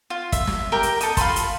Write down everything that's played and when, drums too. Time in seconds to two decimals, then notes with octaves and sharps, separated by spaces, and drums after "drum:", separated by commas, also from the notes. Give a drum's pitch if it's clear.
0.10 F4
0.32 E5, drum: kick, hi-hat
0.47 drum: snare
0.72 G4 A#4 G5
0.83 drum: hi-hat
1.01 A4 D#5, drum: hi-hat
1.17 F4 B5 C6, drum: kick, hi-hat
1.36 drum: hi-hat